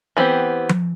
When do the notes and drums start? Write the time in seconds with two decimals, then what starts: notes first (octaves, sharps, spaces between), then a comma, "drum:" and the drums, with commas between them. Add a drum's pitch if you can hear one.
0.17 E3 B3 C4 G4
0.69 drum: tom F3